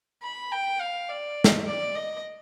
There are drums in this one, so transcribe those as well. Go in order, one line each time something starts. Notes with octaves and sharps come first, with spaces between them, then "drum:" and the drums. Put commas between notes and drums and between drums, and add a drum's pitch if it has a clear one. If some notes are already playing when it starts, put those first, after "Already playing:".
B5
G5
F5
D5
drum: snare
D5
D#5